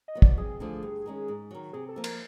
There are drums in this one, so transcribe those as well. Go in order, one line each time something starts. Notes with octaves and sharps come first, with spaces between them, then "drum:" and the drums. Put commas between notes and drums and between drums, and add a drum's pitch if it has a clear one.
D#5
F#3 B3
D5, drum: kick
F2 G#4
D3 F3 A3
G2
D#3 G#3 C#4
G#2
D#3 F#3
C3 G#4
A4
F3 A#3
A#4, drum: cymbal